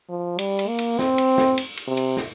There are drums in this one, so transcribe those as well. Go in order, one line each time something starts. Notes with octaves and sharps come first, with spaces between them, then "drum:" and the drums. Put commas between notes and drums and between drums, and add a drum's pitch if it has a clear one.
F3
G3, drum: cymbal
drum: cymbal
A#3
drum: cymbal
C4, drum: snare
drum: cymbal
drum: snare
drum: cymbal
drum: cymbal
C3
drum: cymbal
drum: snare